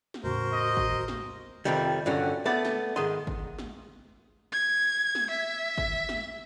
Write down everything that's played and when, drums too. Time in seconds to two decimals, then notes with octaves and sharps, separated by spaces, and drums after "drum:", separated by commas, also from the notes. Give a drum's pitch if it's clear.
0.14 drum: snare
0.24 E2 A2 C#3 F#4 A#4 C5
0.53 D#5
0.77 drum: kick G#1
1.08 drum: snare
1.65 F2 A2 C3 D#3 F3 G3
2.06 G2 A#2 D3 F#3 C#4 F#4
2.45 A3 B3 D5
2.65 drum: snare
2.96 G#2 D#3 G#4 D#5 C6
3.27 drum: kick G#1
3.59 drum: snare
4.52 G#6
5.15 drum: snare
5.30 E5
5.78 drum: kick G#1
6.09 drum: snare